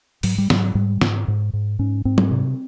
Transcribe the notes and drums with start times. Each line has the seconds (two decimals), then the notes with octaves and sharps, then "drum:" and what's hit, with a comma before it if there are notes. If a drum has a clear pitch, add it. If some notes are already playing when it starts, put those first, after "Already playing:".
0.23 G#2 F#3, drum: open hi-hat
0.38 G3
0.50 G#2 F#3, drum: snare
0.75 G#2 G3
1.01 G#2, drum: snare
1.28 G#2
1.53 G#2
1.79 G#2 C#4
2.05 G#2 C4
2.18 drum: tom
2.31 C3